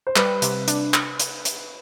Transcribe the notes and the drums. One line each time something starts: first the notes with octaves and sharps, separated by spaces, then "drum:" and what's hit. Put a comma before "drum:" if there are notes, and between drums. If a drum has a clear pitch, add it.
C5
G3 B4, drum: clap
C3, drum: hi-hat
D4, drum: hi-hat
drum: clap
drum: hi-hat
drum: hi-hat